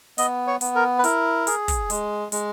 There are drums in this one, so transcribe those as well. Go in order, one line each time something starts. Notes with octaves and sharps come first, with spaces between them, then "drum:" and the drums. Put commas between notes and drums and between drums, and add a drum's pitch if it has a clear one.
B3 D#5, drum: hi-hat
C#5
B3, drum: hi-hat
A#4
B4
E4 A#4, drum: hi-hat
G#4, drum: hi-hat
drum: kick, hi-hat
G#3, drum: hi-hat
G#3, drum: hi-hat